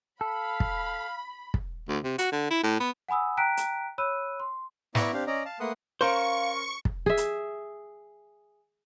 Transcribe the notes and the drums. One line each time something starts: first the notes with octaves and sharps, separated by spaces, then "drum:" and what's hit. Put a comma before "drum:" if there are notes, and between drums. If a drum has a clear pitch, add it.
A4 F5 B5
drum: kick
drum: kick
D2
C3
F#4, drum: hi-hat
D3
E4
A2
B3
F#5 G#5 B5 D#6 E6
G5 A5 A#5 F#6 B6 D7
drum: hi-hat
C#5 B5 E6 F#6 D#7
C6
B3 E4 D5 A#5 C#6, drum: snare
C4 D4 G4 F5
C#4 D5 D#5 A#5
F5 A5
A3 A#3 B4 F#5 C6 D#6
C#4 A#4 C5 F5 C#6 D7
drum: kick
G#4 E5
drum: hi-hat